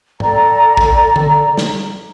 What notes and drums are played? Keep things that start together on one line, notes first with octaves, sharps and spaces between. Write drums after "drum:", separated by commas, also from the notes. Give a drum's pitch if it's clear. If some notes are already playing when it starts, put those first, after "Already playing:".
A4 D5 G5 A#5, drum: tom G#2
drum: kick
drum: tom
drum: snare